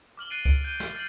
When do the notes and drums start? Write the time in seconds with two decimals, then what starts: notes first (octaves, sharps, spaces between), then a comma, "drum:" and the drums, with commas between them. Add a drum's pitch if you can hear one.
0.17 D6 F6 F#7 G7
0.30 F#6 A6 C7 D7 D#7 F#7
0.45 D7, drum: kick C#2
0.64 F#6 G6 D#7 G7
0.80 D7, drum: snare
0.95 F6 A6 C7 F#7